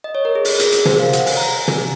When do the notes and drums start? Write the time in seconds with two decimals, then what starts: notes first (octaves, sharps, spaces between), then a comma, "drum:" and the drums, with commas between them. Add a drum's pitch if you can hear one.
0.04 D#5
0.15 C#5
0.25 A#4
0.35 G#4
0.45 A#4, drum: open hi-hat
0.59 G#4, drum: hi-hat
0.72 A#4, drum: hi-hat
0.85 C5, drum: tom
0.99 F5
1.13 F#5, drum: hi-hat
1.26 G#5, drum: open hi-hat
1.37 A#5
1.47 G#5
1.68 drum: tom